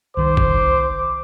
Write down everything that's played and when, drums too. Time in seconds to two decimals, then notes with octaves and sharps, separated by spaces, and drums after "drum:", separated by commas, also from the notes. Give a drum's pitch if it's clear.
0.17 C2 D#3 C5 D6
0.37 drum: kick G1